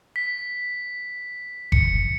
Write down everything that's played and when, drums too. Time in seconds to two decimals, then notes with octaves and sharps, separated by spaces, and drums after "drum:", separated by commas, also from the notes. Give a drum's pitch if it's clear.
0.16 B6
1.72 C#7, drum: kick F#1